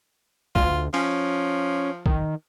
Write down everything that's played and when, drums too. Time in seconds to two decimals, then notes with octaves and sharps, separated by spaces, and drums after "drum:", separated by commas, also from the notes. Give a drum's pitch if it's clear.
0.55 D2 F4, drum: kick
0.94 F3 C#4, drum: cymbal
2.06 D#3, drum: kick